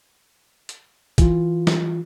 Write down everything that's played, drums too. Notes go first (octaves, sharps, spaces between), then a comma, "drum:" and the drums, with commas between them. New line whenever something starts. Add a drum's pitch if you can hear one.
drum: hi-hat
E3 F4, drum: kick, hi-hat
drum: snare